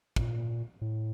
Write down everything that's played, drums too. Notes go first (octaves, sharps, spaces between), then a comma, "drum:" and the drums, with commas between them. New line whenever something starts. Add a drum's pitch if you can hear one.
A#2, drum: kick
A2